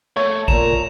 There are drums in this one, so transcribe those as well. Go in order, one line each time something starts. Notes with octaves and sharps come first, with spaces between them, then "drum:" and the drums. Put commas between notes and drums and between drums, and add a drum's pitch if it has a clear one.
A3 C#5
A#2 A#5 E7, drum: kick G#1